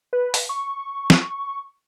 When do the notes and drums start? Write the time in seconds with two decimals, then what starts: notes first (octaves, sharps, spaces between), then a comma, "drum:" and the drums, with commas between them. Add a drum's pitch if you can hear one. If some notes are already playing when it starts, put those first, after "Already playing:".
0.13 B4
0.34 drum: open hi-hat
0.49 C#6
1.10 drum: snare